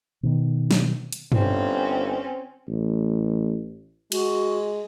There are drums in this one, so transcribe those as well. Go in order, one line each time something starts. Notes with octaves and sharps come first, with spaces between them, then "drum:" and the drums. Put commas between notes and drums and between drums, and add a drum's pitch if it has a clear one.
B2 D#3 B3
drum: snare
drum: hi-hat
G1 C4 C#4, drum: tom G2
A1
G#3 F#4, drum: cymbal